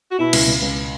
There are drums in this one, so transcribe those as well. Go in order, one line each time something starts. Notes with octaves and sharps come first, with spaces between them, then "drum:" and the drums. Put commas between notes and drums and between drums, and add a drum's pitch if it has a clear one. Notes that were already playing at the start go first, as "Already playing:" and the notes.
F#4
B2 E4
C#2, drum: cymbal
C#2
C#2